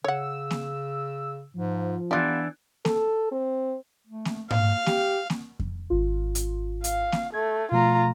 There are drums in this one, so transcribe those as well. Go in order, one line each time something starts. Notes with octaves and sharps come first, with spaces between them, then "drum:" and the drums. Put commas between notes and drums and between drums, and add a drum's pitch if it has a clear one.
C#3 C#5 F#5 E6
drum: snare A#3
G#2 F3
E3 G3 B3 D4 F4
A4, drum: snare A#3
C4
A3
drum: snare A#3
A#3 F5, drum: tom G#2
G4, drum: snare A#3
drum: snare A#3
drum: kick F2
G#1 F4
drum: hi-hat
F5, drum: hi-hat
drum: snare A#3
A3 G#6
B2 F3 A3 F4 A#5